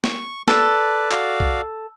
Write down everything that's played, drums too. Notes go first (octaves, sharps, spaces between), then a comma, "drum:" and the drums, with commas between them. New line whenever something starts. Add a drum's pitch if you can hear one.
C#6, drum: snare
A4 B4 D5, drum: snare
F#4 D5 F5, drum: clap
drum: kick B1